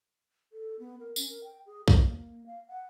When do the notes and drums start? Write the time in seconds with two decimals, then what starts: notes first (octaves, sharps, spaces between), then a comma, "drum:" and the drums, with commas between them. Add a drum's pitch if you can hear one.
0.53 A4
0.79 B3
1.00 A#4
1.16 C#4, drum: tambourine
1.30 A#4
1.44 G5
1.66 G#4
1.88 A#4, drum: kick
1.99 A#3
2.46 F5
2.68 F#5